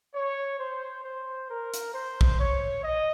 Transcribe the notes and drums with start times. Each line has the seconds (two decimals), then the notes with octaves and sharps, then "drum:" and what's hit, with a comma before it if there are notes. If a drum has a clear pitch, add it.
0.14 C#5
0.58 C5
1.03 C5
1.49 A#4
1.74 drum: hi-hat
1.93 C5
2.21 drum: kick
2.39 C#5
2.83 D#5